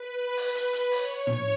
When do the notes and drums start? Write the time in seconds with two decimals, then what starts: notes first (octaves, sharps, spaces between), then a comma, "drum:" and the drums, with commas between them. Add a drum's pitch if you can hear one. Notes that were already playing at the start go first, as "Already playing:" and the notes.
Already playing: B4
0.37 drum: open hi-hat
0.55 drum: hi-hat
0.73 drum: hi-hat
0.91 C#5, drum: open hi-hat
1.27 drum: tom A2